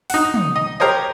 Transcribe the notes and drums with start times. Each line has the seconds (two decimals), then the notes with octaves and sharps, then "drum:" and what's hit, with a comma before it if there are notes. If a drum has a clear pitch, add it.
0.10 D#4 F#5, drum: open hi-hat
0.34 drum: tom
0.56 D#5
0.80 G4 A#4 C5 C#5 D#5